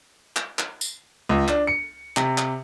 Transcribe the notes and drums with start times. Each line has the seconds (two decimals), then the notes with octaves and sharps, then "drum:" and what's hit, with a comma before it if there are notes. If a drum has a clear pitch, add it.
0.36 drum: clap
0.59 drum: clap
0.81 drum: tambourine
1.29 C#2
1.48 D4, drum: clap
1.67 C#7
2.17 C3, drum: clap
2.38 drum: clap